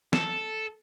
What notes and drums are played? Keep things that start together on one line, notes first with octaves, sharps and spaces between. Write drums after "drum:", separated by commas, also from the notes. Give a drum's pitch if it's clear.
A4, drum: snare